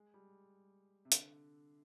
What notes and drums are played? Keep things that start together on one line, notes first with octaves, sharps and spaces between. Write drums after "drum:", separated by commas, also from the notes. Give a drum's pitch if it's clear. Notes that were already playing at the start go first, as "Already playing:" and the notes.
Already playing: G#3
G3
C3
D3, drum: hi-hat